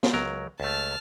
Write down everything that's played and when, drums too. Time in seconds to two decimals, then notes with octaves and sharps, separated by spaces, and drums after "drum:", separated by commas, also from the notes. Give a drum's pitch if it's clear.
0.03 drum: snare
0.13 C#2 F#3 A#4
0.60 C#2 A3 A5 F6